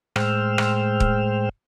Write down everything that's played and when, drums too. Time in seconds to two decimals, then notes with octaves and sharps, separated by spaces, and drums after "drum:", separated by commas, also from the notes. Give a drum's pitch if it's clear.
0.16 A2 G#3 C5 G5 E6 F6, drum: rim click
0.58 drum: rim click
1.00 drum: kick